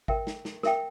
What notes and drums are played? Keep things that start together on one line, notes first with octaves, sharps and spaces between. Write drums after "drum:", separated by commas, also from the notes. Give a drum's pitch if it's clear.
A#4 E5 G5, drum: kick G#1
drum: snare
drum: snare
A#4 E5 G5, drum: snare